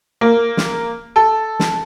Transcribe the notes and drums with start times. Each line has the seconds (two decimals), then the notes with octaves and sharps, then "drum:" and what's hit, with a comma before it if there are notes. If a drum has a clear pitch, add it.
0.21 A#3
0.57 drum: snare
1.16 A4
1.60 drum: snare